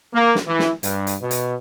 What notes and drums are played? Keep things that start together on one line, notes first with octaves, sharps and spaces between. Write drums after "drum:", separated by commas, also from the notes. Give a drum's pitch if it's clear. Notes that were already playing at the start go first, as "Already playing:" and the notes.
A#3
drum: snare
E3
drum: snare
G2, drum: hi-hat
drum: hi-hat
B2
drum: hi-hat